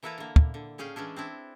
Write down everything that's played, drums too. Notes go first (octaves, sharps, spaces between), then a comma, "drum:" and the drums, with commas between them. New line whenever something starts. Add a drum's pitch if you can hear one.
E3 A#3 E4 A4 B4 A#5
D3 A#3
drum: kick
D3
A2 C#4 G#4 F5 G5
E3 G#3 C#4 D4
C4 D4 E4